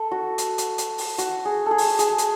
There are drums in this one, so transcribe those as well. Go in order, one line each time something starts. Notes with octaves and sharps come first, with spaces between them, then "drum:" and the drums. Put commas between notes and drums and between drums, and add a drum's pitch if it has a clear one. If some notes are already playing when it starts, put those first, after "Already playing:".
Already playing: A4
F#4
drum: hi-hat
drum: hi-hat
drum: hi-hat
drum: open hi-hat
F#4, drum: hi-hat
G#4
G#4 A4
drum: open hi-hat
G#4, drum: hi-hat
drum: hi-hat